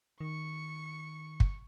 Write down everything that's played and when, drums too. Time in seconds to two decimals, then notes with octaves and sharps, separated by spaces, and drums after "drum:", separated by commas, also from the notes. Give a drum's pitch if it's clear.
0.21 D#3 C#6 C#7
1.40 drum: kick